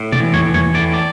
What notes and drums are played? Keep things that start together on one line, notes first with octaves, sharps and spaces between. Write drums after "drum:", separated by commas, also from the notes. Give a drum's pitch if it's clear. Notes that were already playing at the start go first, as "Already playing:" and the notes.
Already playing: A2
D5, drum: tom
E3
C#5, drum: tom
E3
C#5, drum: tom
A2 D5
D5